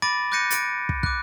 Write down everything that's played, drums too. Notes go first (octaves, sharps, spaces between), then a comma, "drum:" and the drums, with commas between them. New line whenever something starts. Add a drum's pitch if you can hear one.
B5 D6 A6 A#6 D7 D#7
D6 F#6 G6 A#6 C#7 D#7
A6 D7, drum: hi-hat
drum: kick
D6 F#6, drum: kick